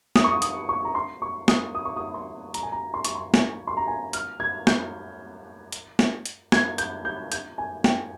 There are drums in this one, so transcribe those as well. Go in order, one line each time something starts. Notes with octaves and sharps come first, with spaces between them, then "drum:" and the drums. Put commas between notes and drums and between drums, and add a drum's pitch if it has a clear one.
D#6, drum: snare
C#6
D#6
D#6, drum: hi-hat
C#6
A#5
C6
C#6
D#6, drum: snare
D#6
C#6
D#6
C6
A#5, drum: hi-hat
G#5
A#5
C6
C#6, drum: hi-hat
C6
G#5, drum: snare
C6
A#5
G#5
F6, drum: hi-hat
G#6
G6, drum: snare
drum: hi-hat
drum: snare
drum: hi-hat
G#6, drum: snare
G6, drum: hi-hat
G6
G6, drum: hi-hat
G#5
G5, drum: snare